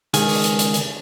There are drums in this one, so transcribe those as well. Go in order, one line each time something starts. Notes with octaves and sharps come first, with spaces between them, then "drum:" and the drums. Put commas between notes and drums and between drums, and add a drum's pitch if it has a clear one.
C#2 D#3 G#4, drum: hi-hat
drum: open hi-hat
drum: hi-hat
drum: hi-hat
drum: hi-hat